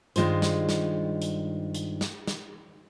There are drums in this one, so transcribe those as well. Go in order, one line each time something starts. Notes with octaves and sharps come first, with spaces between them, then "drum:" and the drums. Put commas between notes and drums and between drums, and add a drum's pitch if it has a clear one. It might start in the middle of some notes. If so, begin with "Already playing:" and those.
G2 D#3 G#3 F4 C5, drum: hi-hat
drum: snare
drum: snare
drum: hi-hat
drum: hi-hat
drum: snare
drum: snare